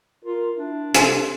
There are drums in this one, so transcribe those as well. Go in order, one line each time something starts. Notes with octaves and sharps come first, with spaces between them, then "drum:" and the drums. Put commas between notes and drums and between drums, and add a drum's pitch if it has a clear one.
F4 A#4
D4 E4
C3 A4 C6, drum: hi-hat